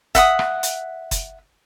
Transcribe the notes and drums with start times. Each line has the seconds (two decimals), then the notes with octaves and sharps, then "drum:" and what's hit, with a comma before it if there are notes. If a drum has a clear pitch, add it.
0.15 E5 F#5 D#6, drum: kick F#1, hi-hat
0.39 drum: rim click
0.63 drum: hi-hat
1.11 drum: kick F#1, hi-hat